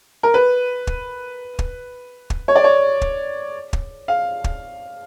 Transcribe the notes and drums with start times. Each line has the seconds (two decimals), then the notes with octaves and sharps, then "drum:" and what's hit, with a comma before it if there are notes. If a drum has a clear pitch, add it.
0.23 A#4
0.34 B4
0.87 drum: kick
1.59 drum: kick
2.30 drum: kick
2.48 C#5
2.56 D5
2.64 C#5
3.01 drum: kick
3.73 drum: kick
4.08 F5
4.44 drum: kick